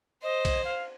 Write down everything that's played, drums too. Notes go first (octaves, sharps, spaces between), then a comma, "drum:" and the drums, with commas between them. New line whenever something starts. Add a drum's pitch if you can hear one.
C5 D#5
drum: kick B1, cymbal
F5